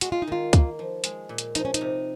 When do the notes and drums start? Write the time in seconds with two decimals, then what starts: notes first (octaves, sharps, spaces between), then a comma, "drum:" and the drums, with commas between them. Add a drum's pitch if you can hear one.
0.01 G#3 F#4, drum: hi-hat
0.12 F4
0.22 D#4
0.27 D#3 F4
0.53 A#3, drum: kick, hi-hat
0.79 F3
1.04 G#3, drum: hi-hat
1.29 A#2
1.38 drum: hi-hat
1.55 F3 D#4, drum: hi-hat
1.65 C#4
1.74 D#4, drum: hi-hat
1.81 C3